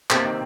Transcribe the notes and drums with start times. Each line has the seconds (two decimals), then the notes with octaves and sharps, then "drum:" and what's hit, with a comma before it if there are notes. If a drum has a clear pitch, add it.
0.10 C3 A#3 C4, drum: clap
0.25 D#3